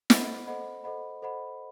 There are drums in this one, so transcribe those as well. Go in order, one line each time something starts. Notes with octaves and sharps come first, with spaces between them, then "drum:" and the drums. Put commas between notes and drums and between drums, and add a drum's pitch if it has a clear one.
A4 C5 D#5 F#5 B5, drum: snare
A4 C5 D#5 F#5 B5
A4 C5 D#5 F#5 B5
A4 C5 D#5 F#5 B5